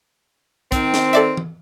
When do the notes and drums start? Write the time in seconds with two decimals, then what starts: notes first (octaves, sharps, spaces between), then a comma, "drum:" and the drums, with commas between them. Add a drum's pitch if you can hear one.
0.72 D#3 C4, drum: kick, hi-hat
0.94 drum: snare
1.13 A4 D5 E5, drum: hi-hat
1.37 drum: tom E3